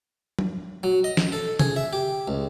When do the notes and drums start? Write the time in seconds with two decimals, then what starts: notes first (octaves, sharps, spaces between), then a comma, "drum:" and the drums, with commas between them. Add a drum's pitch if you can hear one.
0.39 drum: tom F#3
0.83 F#3
1.04 D#5
1.17 drum: snare
1.32 A4
1.59 G#4, drum: tom C3
1.76 E5
1.93 G4
2.28 C#2